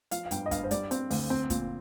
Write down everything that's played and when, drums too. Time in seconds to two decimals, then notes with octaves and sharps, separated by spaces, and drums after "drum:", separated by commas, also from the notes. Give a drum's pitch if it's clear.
0.11 F3 F5, drum: hi-hat
0.26 F5
0.31 G2 G5, drum: hi-hat
0.46 D#5
0.51 G2 F5, drum: kick, hi-hat
0.64 C5
0.71 G3 D5, drum: hi-hat
0.91 C4, drum: hi-hat
1.10 D2, drum: open hi-hat
1.30 C4
1.50 A#2, drum: kick, hi-hat